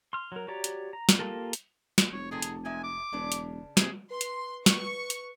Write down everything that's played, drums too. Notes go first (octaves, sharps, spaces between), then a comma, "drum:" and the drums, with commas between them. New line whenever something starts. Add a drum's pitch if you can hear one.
C6 F6
F#3 A#4
F#4 G4 C#5 D5 A#5
drum: hi-hat
A#5
drum: snare
A#3 F4 G4 A4 A#4
drum: hi-hat
drum: snare
F1 C#5
C3 D#3 G#4 A4
drum: hi-hat
C3 G#3 E5 G#5
D6
E1 C#3 D4 B4
drum: hi-hat
C3 G#4, drum: snare
B4 C6
drum: hi-hat
C#6, drum: snare
drum: hi-hat